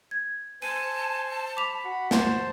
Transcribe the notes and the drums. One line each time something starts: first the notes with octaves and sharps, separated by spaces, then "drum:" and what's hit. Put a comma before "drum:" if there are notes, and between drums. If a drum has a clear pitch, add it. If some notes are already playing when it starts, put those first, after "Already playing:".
G#6
C5 G#5 A5 D#7
B5 D6 F7
F#4
C5 A5, drum: snare